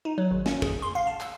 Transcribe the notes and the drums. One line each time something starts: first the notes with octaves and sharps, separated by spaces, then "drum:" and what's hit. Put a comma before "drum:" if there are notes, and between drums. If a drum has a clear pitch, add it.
D#4
F#3
G#1
C#4, drum: snare
G#4, drum: kick
C6
F5
A5
E6, drum: clap